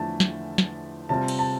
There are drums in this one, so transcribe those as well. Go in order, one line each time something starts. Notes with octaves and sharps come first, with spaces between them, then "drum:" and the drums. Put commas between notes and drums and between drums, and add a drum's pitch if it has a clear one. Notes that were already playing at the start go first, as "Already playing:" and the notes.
Already playing: E2 D3 F3 A3 E4 A5
drum: snare
drum: snare
C3 G3 C4 F4 A5
drum: cymbal
A5